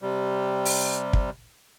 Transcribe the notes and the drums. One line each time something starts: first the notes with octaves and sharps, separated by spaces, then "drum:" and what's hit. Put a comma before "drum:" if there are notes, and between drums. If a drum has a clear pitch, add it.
C3 G3
drum: open hi-hat
drum: kick